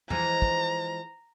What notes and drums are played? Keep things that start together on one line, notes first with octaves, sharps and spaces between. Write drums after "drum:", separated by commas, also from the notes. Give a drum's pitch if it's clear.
E3 F3 G#3 A#5, drum: tom
drum: kick